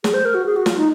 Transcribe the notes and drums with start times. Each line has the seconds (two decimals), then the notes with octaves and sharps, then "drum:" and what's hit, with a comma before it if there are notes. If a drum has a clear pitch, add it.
0.04 G#4, drum: snare
0.14 C5
0.25 A#4
0.34 F#4
0.46 G#4
0.56 F#4
0.66 F4, drum: snare
0.77 D#4